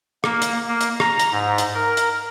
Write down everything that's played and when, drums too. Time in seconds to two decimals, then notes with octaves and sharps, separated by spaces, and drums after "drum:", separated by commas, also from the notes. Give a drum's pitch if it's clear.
0.24 A#3, drum: rim click
0.42 drum: hi-hat
0.68 A#3
0.81 drum: hi-hat
1.00 A#5, drum: rim click
1.19 drum: hi-hat
1.32 G#2
1.58 drum: hi-hat
1.74 A#4
1.97 drum: hi-hat